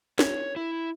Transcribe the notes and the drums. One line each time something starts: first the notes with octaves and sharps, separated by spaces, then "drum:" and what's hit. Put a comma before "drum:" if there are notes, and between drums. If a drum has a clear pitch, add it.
C#5, drum: snare
E4